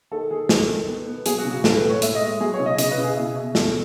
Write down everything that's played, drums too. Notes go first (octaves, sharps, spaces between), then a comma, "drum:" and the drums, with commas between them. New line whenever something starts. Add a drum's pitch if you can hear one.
D#3 A4
D#3 G#4
D#3 A4, drum: snare
D#3
B3
B3
F#3 G#4, drum: hi-hat
F#4
C#3
F#4
A2 A4, drum: snare
B4
A2
C#5
A2 E5, drum: hi-hat
D#5
G#3
F#3 G#4
C#5
C#3
D#5
C#3 D#5, drum: hi-hat
B4
C#3
G#4
B2 E4
B2
A3, drum: snare